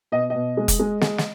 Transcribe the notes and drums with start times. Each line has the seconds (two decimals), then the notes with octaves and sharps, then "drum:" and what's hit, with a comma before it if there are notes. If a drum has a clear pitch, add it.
0.12 B2 D#5
0.30 B2 D#5
0.57 G#3
0.68 drum: kick F1, hi-hat
0.79 G#3
1.01 G#3, drum: snare
1.18 drum: snare